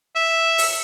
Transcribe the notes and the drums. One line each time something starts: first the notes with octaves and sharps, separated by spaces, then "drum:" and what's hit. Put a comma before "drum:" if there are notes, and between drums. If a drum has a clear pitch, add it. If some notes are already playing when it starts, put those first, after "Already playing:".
E5
drum: open hi-hat